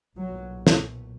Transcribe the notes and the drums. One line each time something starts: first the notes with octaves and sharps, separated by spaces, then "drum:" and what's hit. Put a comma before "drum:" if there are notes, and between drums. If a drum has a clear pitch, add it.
B1 A#2 F#3
drum: snare